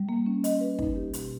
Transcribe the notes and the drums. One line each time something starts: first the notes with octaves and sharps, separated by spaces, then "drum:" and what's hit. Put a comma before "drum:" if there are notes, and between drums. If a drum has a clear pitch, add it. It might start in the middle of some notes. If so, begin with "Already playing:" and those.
Already playing: G3
A#3
C#4
D#5, drum: hi-hat
B4
D#4, drum: kick
G4
B2, drum: hi-hat